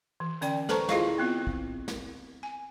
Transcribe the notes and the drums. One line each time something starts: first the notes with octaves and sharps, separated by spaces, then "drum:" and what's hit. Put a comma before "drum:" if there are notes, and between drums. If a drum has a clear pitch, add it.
E3
D3 C#4 D5 G5, drum: hi-hat
A4 B4 C5 A5 A#5 C#6, drum: snare
E4 F4 G#4 D#5 F5 C#6, drum: snare
B3 C4 F4
drum: kick
drum: snare
G#5